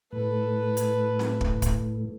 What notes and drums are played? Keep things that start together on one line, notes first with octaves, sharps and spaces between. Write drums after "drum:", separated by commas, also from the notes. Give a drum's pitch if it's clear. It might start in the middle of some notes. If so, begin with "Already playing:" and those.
A2 A4 B4
drum: hi-hat
drum: snare C4
drum: kick
drum: kick, hi-hat